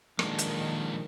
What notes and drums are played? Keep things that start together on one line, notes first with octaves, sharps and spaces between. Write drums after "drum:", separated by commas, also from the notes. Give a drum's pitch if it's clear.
D#3 F3 G#3 A#3 D4, drum: rim click
drum: hi-hat